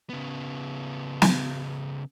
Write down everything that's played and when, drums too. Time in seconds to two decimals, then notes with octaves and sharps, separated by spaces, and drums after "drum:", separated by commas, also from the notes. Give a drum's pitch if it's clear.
0.10 C#3 B3
1.22 drum: snare